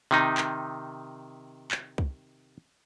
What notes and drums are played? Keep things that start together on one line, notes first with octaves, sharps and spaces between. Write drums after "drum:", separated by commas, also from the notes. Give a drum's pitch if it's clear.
C3 D#3 D#4
drum: clap
drum: clap
drum: kick